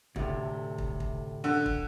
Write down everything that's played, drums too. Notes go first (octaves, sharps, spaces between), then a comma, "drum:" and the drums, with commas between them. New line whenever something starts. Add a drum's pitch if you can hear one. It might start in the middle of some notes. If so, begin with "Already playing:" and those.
D2 A2 C3, drum: kick
drum: kick
drum: kick
D3
drum: kick